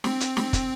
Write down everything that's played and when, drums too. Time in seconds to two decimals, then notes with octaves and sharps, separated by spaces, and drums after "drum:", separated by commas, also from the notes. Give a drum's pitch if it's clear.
0.04 C4, drum: snare
0.20 drum: hi-hat
0.37 drum: snare
0.53 drum: kick, hi-hat